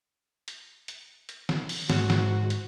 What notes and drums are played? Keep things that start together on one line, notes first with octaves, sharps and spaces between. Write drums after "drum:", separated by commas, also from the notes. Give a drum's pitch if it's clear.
drum: hi-hat
drum: hi-hat
drum: hi-hat
drum: snare
drum: open hi-hat
G#2 F#4, drum: snare
drum: snare
drum: hi-hat